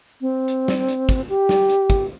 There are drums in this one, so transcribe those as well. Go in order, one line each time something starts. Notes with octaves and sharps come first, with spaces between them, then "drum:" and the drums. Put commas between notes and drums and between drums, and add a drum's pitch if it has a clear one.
C4
drum: hi-hat
drum: snare
drum: hi-hat
drum: kick, hi-hat
G4
drum: snare
drum: hi-hat
drum: kick, hi-hat